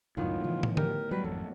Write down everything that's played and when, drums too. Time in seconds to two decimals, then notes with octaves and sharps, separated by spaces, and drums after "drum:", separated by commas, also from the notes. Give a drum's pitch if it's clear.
0.17 C#2 F#2 A2 D#3 B3 F4
0.44 C#3 E3 F3
0.63 drum: tom
0.77 G4 A#4, drum: tom D3
1.11 F#3 G3 B4
1.24 G#1 F2 A4